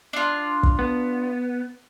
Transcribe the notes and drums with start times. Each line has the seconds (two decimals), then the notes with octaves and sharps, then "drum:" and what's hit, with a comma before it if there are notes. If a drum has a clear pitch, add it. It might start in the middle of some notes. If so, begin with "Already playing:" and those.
0.13 D4 F4
0.63 drum: kick
0.79 B3